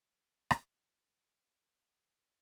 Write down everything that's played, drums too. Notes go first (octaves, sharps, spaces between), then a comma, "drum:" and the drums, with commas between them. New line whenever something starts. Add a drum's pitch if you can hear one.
drum: rim click
E4
C5
C#5
A#5